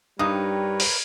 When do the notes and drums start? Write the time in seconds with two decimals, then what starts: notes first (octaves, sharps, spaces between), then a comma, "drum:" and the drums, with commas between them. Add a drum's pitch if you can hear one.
0.19 G2 G3 D#4 A#4 B4 C#5 D#6
0.80 drum: open hi-hat